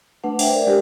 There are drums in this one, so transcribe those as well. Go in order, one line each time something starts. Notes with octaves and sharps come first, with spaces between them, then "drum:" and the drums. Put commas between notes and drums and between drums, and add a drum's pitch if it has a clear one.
A3 D4 B4 F#5
C5 E5 G5, drum: open hi-hat
A#4 D5
G#3 D4 G4 A#4 B4